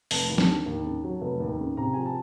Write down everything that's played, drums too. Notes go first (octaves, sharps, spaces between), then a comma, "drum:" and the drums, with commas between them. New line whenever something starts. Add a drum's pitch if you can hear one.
F1 A5, drum: open hi-hat
D#2
A5, drum: snare
D3
D#2
C#3
F#3
F1
D#2
C#3
C3 A#5
F3 G#5
A5